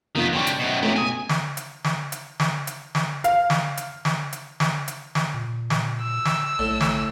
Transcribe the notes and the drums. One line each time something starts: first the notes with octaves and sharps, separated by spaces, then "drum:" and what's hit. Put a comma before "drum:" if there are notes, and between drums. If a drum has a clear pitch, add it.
F1 D#3 A#3 B3 F4
D3 G3 C#4 G5 C#6
drum: hi-hat
F#2 B2
C3 D#3 A3 C#4 F4
B2 G#5 D#6 E7
drum: snare
drum: hi-hat
drum: snare
drum: hi-hat
drum: snare
drum: hi-hat
drum: snare
F5, drum: hi-hat
drum: snare
drum: hi-hat
drum: snare
drum: hi-hat
drum: snare
drum: hi-hat
drum: snare
A#2
drum: snare
E6
drum: snare
B1 A2
drum: snare